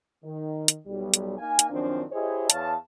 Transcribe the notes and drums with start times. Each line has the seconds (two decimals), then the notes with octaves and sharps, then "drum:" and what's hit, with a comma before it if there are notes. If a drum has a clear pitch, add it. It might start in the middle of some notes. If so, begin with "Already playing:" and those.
0.24 D#3
0.68 drum: hi-hat
0.87 B1 G3
1.14 drum: hi-hat
1.38 A#3 D#4 F5 G#5
1.59 drum: hi-hat
1.70 F#2 D#3 F3 C4 D4
2.13 E4 G4 G#4 C5 C#5 D#5
2.50 E2 C#5 F5 A5, drum: hi-hat